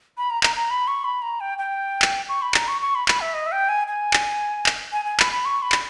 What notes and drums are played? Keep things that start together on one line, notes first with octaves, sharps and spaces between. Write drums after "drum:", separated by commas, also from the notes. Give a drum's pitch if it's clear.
B5
A#5
A#5, drum: clap
A#5
B5
C#6
B5
A#5
G5
G5
drum: clap
C#6
B5
A#5, drum: clap
C#6
C#6
B5
B5, drum: clap
E5
D#5
E5
G5
G#5
G#5
drum: clap
drum: clap
G#5
G#5
B5, drum: clap
B5
C#6
B5
drum: clap